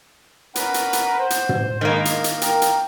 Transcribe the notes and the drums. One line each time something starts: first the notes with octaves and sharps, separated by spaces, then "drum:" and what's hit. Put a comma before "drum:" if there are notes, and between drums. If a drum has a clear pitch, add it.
C#4 A#4 B4 F#5, drum: hi-hat
drum: hi-hat
drum: hi-hat
C5
drum: hi-hat
drum: tom
D#3 G#3 A#3
drum: hi-hat
drum: hi-hat
A#4 G5, drum: hi-hat
drum: hi-hat